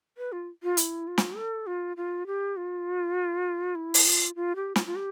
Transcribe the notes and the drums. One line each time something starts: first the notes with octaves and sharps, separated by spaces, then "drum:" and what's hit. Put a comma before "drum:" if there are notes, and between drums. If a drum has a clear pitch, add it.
B4
F4
F4
E4, drum: hi-hat
F4
drum: snare
A4
F4
F4
G4
F4
E4
drum: open hi-hat
F4
F4
G4
F4, drum: snare
F4
G4